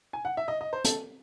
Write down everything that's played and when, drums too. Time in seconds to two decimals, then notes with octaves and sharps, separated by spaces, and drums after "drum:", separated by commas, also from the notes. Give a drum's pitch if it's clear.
0.13 G#5
0.25 F#5
0.37 E5
0.48 D#5
0.61 D#5
0.73 C5
0.84 A4, drum: hi-hat